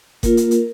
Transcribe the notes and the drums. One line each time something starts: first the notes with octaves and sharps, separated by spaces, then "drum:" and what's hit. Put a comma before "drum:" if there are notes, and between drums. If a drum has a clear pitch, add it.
A#3 F4 A#4, drum: kick F#1, hi-hat
drum: hi-hat
drum: hi-hat